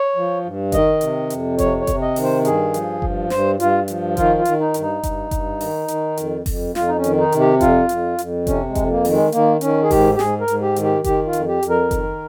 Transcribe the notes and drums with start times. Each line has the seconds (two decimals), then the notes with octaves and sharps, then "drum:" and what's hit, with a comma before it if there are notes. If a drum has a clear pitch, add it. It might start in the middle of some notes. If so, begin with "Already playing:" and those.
Already playing: C#5
0.16 F3
0.45 G2
0.72 D#3 D#5, drum: kick F#1, hi-hat
1.01 C3, drum: hi-hat
1.30 F2, drum: hi-hat
1.59 C3 C#5, drum: kick F#1, hi-hat
1.81 C#5
1.87 C3, drum: kick F#1, hi-hat
2.02 D#5
2.16 D#3, drum: open hi-hat
2.23 C5
2.45 G2 G#4, drum: hi-hat
2.74 F3, drum: hi-hat
3.02 G2, drum: kick F#1
3.30 G2 C5, drum: snare
3.60 G2 F4, drum: hi-hat
3.88 F3, drum: hi-hat
4.17 D#3 F4, drum: kick F#1, hi-hat
4.38 F4
4.45 D#3, drum: hi-hat
4.60 D#4
4.74 G2, drum: hi-hat
4.82 D#4
5.03 G2, drum: kick F#1, hi-hat
5.31 G2, drum: kick F#1, hi-hat
5.61 D#3, drum: open hi-hat
5.88 D#3, drum: hi-hat
6.17 F2, drum: hi-hat
6.46 F2, drum: kick F#1, open hi-hat
6.75 F2 F4, drum: snare
6.88 D#4
6.96 C#4
7.04 D#3, drum: hi-hat
7.18 D#4
7.32 C3, drum: hi-hat
7.40 G4
7.61 F2 F4, drum: kick F#1, hi-hat
7.89 F2, drum: hi-hat
8.18 F2, drum: hi-hat
8.47 C3 C#4, drum: kick F#1, hi-hat
8.69 G#3
8.75 F2, drum: kick F#1, hi-hat
8.90 A#3
9.05 D#3, drum: open hi-hat
9.12 G#3
9.32 D#3 A#3, drum: hi-hat
9.61 D#3 C#4, drum: hi-hat
9.83 G#4
9.91 G#2 G4, drum: kick F#1, open hi-hat
10.15 G4
10.19 G#2 G#4, drum: snare
10.40 A#4
10.48 G#2, drum: hi-hat
10.61 G4
10.76 D#3, drum: hi-hat
10.83 G4
11.04 D#3 G4, drum: kick F#1, hi-hat
11.26 F4
11.33 F2, drum: hi-hat
11.48 G4
11.63 F2, drum: hi-hat
11.70 A#4
11.91 D#3, drum: kick F#1, hi-hat